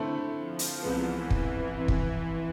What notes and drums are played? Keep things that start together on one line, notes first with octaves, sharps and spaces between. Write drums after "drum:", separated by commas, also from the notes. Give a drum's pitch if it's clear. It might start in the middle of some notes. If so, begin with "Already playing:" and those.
Already playing: D3 A3 C4 E4 A4
F3
drum: hi-hat
C2 C3 E3 G#3 B3
E3, drum: kick
F2 C3 E3
drum: kick